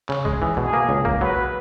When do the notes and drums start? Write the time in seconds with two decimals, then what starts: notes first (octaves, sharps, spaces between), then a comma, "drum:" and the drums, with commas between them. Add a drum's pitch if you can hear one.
0.09 C#3, drum: clap
0.25 G#3 G#4, drum: kick B1
0.42 E3
0.57 B2 G#4
0.73 A#3
0.89 C#2
1.05 A#3, drum: kick B1
1.21 F#3 B4